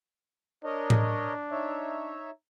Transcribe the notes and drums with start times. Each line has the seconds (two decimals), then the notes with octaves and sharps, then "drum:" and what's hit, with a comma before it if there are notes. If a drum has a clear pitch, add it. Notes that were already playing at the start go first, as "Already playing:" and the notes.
0.64 D4 A#4 C#5 D#5
0.90 drum: tom A2
1.51 D#4 C#5 E5